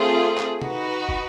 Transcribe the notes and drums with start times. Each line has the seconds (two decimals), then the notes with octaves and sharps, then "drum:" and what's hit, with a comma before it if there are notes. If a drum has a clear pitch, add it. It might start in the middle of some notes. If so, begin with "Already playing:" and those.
Already playing: A3 C4 F4 G#4
0.38 drum: clap
0.62 D#4 F#4 B4, drum: tom
1.09 drum: kick